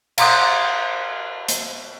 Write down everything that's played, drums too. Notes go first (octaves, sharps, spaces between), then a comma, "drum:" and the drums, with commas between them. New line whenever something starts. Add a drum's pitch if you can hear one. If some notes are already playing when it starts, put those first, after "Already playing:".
F5 A#5 C6 D6 D#6 F#6, drum: cymbal
drum: hi-hat